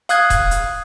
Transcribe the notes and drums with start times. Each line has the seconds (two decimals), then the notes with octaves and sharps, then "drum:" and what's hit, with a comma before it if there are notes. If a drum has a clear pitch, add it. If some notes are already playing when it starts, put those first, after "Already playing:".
0.09 F5 D#6 F#6 G#6, drum: hi-hat
0.30 drum: kick D#1, hi-hat
0.51 drum: hi-hat